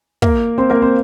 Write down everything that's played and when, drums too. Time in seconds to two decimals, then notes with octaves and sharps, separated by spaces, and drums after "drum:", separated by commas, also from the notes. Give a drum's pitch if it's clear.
0.22 A#3 A#4, drum: kick
0.58 C4 C5
0.70 A#3 A#4
0.82 C4 C5